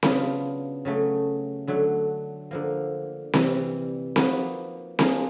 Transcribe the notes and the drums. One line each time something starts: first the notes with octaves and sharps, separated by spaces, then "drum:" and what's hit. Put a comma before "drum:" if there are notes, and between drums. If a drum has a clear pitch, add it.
C#3 F#3 B3 D4 F4, drum: snare C4
C#3 F#3 A3
D3 F#3 A3
D3 F3 A#3
C3 E3 G3, drum: snare C4
F3 A#3 D#4 F#4 B4, drum: snare C4
A#3 D4 F4 G#4, drum: snare C4